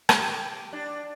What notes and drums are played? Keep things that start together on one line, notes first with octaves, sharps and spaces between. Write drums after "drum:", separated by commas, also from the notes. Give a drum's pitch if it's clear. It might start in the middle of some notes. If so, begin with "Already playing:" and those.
drum: rim click
G4
D4